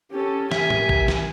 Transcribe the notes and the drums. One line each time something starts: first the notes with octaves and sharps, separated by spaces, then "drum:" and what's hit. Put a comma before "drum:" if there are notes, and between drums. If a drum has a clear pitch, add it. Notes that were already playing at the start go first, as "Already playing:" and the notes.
C#4 G4 A4
G4 A#4 E5 G#5, drum: snare
drum: tom
drum: kick
drum: snare